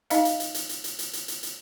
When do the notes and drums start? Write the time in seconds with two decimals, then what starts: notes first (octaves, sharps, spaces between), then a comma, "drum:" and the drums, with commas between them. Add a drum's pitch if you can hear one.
0.10 D#4 D#5 F5, drum: hi-hat
0.25 drum: hi-hat
0.40 drum: hi-hat
0.55 drum: hi-hat
0.69 drum: hi-hat
0.84 drum: hi-hat
0.99 drum: hi-hat
1.13 drum: hi-hat
1.28 drum: hi-hat
1.43 drum: hi-hat